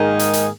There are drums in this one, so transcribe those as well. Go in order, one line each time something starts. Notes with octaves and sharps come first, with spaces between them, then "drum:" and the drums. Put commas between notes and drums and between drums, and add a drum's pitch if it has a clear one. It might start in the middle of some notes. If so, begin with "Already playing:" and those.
Already playing: G#2 D#3 A#3 D#4 G#4
drum: hi-hat
drum: hi-hat